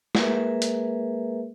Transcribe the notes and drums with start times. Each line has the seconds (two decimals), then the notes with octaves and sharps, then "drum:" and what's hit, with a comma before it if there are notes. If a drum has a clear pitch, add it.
0.15 G#3 A#3 G#4 A#4 B4 E5, drum: snare
0.62 drum: hi-hat